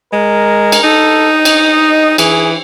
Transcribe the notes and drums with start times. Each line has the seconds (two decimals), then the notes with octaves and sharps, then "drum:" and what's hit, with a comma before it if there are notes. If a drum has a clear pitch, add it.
0.13 G#3 A#4
0.72 drum: cymbal
0.84 D#4 A4
1.35 D#5
1.45 drum: cymbal
2.18 E3 G#4, drum: cymbal